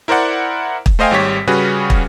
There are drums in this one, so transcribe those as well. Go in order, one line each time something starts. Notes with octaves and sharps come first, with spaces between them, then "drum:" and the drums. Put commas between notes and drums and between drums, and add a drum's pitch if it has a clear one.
E4 A#4 C5 D5 F#5
drum: kick
A3 C5 D#5 F5 G5 G#5
G#1 G#2 G3 G4 C#5 B6
C#3 G3 C#4 F#4 G#4 B4
drum: kick